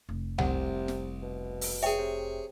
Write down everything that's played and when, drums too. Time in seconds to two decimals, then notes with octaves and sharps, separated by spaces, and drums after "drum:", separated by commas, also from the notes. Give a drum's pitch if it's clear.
0.09 F1
0.39 C2 C3 F#5, drum: tom C2
0.88 drum: snare
1.22 B2
1.61 drum: open hi-hat
1.83 G#4 C#5 E5 G5
1.98 C3